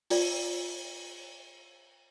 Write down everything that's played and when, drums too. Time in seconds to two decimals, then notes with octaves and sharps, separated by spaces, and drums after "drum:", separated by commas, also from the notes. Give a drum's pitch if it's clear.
0.10 F4 D5, drum: open hi-hat